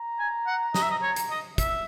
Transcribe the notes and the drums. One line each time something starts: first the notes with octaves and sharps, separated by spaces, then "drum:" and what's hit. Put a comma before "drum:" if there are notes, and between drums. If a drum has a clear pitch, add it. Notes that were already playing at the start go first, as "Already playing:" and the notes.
Already playing: A#5
G#5
F#5
D#5, drum: snare
E5
D#5
C#5
drum: hi-hat
D#5
E5, drum: kick, hi-hat